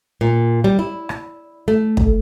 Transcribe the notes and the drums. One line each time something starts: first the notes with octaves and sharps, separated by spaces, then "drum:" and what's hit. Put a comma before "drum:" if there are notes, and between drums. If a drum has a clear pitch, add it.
A#2
G3
E4
drum: rim click
A3
drum: kick